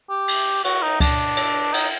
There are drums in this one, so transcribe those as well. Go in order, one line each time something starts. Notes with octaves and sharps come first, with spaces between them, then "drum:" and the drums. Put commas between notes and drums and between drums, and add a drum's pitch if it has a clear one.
G4
drum: cymbal
F#4, drum: cymbal
D#4
D4, drum: kick C#2, cymbal
drum: cymbal
D#4, drum: cymbal